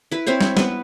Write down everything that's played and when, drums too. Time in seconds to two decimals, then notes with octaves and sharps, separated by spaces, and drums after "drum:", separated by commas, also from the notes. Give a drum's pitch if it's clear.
0.11 E4 B4
0.26 C4 E4 C5 C#5
0.41 drum: snare
0.57 B3 B4, drum: snare